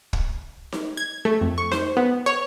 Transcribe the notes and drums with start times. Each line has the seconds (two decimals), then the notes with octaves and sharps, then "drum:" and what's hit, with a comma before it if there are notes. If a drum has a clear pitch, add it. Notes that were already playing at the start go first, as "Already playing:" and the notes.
0.13 drum: kick
0.72 drum: snare D#4
0.97 G#6
1.25 A3
1.41 F2
1.58 C#6
1.72 C5, drum: snare D#4
1.97 B3
2.26 C#5